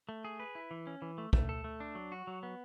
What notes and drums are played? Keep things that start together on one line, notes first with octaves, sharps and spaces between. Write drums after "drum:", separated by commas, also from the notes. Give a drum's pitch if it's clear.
A3
G#4
B4
E4
E3
C#4
E3
A3
A3, drum: kick
A4
A3
D4
F#3
F#4
F#3
B3